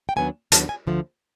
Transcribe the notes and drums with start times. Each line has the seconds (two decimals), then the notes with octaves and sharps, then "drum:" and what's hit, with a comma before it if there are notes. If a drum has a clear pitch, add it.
0.09 G5
0.16 D#2 C#3 F#3 B3 D4 G#5
0.52 D#2 C#3 F#3 B3 D4 A5, drum: hi-hat
0.69 G#5
0.87 D2 D3 F3 A3